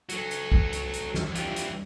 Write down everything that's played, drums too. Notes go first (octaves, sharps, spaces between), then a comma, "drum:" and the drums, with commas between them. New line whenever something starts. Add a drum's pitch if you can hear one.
F#3 F#4 A4, drum: hi-hat
drum: hi-hat
drum: kick
drum: hi-hat
drum: hi-hat
drum: snare
G2 E3 F4 G4, drum: hi-hat
drum: hi-hat